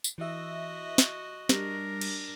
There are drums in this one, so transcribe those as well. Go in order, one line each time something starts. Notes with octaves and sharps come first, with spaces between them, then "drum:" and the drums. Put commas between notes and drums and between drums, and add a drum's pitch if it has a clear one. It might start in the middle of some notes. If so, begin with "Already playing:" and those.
drum: tambourine
E3 F#4 D#5 E5
drum: snare
G3 D4 A#4, drum: snare
drum: cymbal